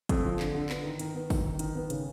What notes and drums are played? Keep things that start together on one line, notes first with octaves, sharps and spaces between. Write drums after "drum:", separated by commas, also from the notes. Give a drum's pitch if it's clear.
F2, drum: kick, hi-hat
F3
D3, drum: clap
D3
B3, drum: clap
D#3
D#3, drum: hi-hat
B3
D#3, drum: kick, open hi-hat
D#3
D#3, drum: hi-hat
B3
C#3, drum: hi-hat